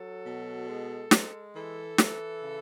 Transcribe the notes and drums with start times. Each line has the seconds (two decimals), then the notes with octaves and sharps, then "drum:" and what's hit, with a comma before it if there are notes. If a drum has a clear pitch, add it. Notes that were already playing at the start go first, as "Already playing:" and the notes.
Already playing: F#3 A4
0.24 B2
0.68 G#3
1.11 G#3, drum: snare
1.54 E3 A4
1.98 E3, drum: snare
2.41 C#3